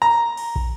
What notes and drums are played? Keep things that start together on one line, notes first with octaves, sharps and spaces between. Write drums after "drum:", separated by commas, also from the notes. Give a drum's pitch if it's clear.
A#5
drum: cymbal
drum: kick